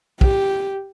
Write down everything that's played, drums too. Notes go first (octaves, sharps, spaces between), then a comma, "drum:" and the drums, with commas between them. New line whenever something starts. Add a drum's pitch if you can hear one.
G4, drum: kick